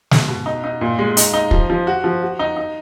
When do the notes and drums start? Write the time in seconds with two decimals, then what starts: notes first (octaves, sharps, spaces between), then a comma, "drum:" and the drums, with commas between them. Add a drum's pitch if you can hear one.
0.11 B2, drum: snare
0.28 B2
0.46 D#4
0.64 D#4
0.81 A#2
0.99 G#3
1.17 D#4, drum: hi-hat
1.33 D#4
1.51 F3, drum: kick
1.70 F3
1.87 F#4
2.04 F3
2.22 F#4
2.39 D#4
2.57 D#4